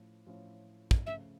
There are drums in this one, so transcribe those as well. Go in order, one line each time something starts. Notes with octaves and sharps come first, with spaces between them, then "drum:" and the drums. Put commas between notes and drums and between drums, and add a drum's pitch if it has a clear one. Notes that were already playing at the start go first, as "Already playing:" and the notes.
Already playing: A2 F3 A3 C#4
A2 F3 A3 C#4 F4
drum: kick
C#3 F3 A3 E5